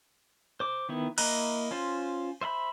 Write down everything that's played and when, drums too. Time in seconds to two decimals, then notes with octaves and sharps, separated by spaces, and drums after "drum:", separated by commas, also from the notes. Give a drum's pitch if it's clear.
0.60 C5 D6
0.89 D#3 B3 E4
1.18 A#3 E4 D#5 A#5 F#6, drum: cymbal
1.71 C#4 F4 C5
2.41 C5 E5 F#5 B5